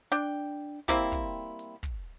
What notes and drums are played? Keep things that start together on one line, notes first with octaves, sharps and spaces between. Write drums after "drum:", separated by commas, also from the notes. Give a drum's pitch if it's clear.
D4 G5
G3 A#3 C4 E4, drum: kick, hi-hat
drum: kick, hi-hat
drum: hi-hat
drum: kick, hi-hat